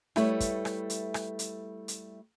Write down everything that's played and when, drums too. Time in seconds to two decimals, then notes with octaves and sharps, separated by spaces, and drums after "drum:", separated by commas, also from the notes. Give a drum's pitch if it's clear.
0.16 G3 A3 E4 B4 C#5, drum: rim click
0.40 drum: kick, hi-hat
0.65 drum: rim click
0.90 drum: hi-hat
1.14 drum: rim click
1.39 drum: hi-hat
1.88 drum: hi-hat